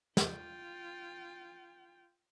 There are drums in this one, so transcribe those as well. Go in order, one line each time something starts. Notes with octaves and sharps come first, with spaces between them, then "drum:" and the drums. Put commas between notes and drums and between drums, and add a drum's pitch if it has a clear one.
F4 G5, drum: snare